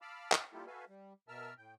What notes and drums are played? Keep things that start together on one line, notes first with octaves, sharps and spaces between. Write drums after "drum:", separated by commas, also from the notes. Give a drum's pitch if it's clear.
F5 A5 B5 D6 E6 F6
drum: clap
G3 A#3 E4 F4 G4 A4
F#4 A4 B4 E5 F5 G#5
G3
B2 A#4 E5 A5 E6 F6
A2 G5